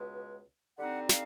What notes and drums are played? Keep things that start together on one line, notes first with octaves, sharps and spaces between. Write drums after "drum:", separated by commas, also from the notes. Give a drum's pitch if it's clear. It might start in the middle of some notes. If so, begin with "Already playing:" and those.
Already playing: C#2 B2 G#3
D3 G3 C4 D#4 F#5
F5, drum: snare